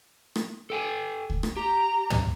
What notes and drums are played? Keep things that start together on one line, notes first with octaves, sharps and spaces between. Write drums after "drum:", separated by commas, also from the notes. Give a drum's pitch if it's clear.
drum: rim click
A4 G5 G#5
drum: kick C#2
drum: rim click
G4 A#5
drum: tom